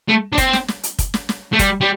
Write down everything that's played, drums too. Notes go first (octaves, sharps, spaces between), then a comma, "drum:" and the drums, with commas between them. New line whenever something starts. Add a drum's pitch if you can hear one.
A3
D4
C4, drum: kick, hi-hat
drum: snare
drum: snare
drum: hi-hat
drum: kick, hi-hat
drum: snare
drum: snare
A3
G3, drum: kick, hi-hat
G3